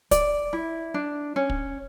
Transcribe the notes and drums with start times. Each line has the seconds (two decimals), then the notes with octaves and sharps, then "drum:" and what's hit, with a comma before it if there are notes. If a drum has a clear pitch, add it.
0.11 D5, drum: kick, hi-hat
0.53 E4
0.94 D4
1.36 C#4
1.50 drum: kick